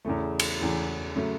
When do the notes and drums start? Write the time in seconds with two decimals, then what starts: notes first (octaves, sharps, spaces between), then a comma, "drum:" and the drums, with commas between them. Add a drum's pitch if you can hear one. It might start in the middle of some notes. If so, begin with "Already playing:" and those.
0.05 E2 C#3 E3 A3
0.40 drum: cymbal
0.60 E2 C#3 E3 A3
1.16 C#3 F#3 A3